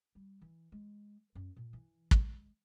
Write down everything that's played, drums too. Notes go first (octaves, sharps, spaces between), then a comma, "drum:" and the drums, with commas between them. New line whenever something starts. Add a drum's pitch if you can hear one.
G3
E3
G#3
F#2
A#2
E3
G#3, drum: kick